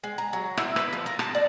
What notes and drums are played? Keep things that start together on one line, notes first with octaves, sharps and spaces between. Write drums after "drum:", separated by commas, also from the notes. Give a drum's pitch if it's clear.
G#3
A#5
F#3
E4, drum: rim click
B4, drum: rim click
F3
A#4
A5, drum: rim click
D5